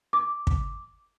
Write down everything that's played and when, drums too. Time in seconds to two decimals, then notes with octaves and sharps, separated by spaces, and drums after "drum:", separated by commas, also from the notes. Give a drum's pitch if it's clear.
0.13 D6
0.47 drum: kick